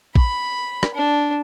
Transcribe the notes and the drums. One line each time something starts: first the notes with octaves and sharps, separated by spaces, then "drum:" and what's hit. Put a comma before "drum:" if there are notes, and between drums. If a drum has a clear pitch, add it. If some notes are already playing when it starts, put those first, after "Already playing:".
B5, drum: kick
drum: rim click
D4